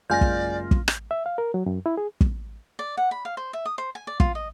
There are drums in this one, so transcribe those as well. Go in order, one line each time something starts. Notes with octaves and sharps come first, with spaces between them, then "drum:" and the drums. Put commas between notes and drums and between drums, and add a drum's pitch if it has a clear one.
F#1 G#3 F4 D5 G#5 F6 G6 A#6
drum: kick
drum: kick
drum: rim click
E5
F5
A#4
F#3
F#2
E4
G#4
drum: kick
D5
F#5
B5
F5
C5
E5
D#6
C5
G#5
D5
F4, drum: kick
D#5